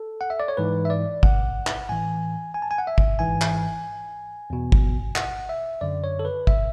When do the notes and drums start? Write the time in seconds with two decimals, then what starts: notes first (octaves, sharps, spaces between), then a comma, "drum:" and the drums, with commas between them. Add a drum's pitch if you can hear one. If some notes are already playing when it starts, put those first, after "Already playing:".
Already playing: A4
0.21 F#5
0.30 E5
0.40 D5
0.48 C#5
0.57 G#2 E3 B4
0.85 E5
0.90 D5
1.23 F#5, drum: kick
1.67 drum: clap
1.89 A2 E3 G#5
2.54 G#5
2.62 A5
2.71 G#5
2.78 F#5
2.87 E5
2.98 drum: kick
3.19 G#2 E3 G#5
3.41 drum: clap
4.50 E2 B2
4.72 drum: kick
5.16 F#5, drum: clap
5.49 E5
5.81 F#2 D3 D5
6.04 C#5
6.19 A4
6.25 B4
6.47 E5, drum: kick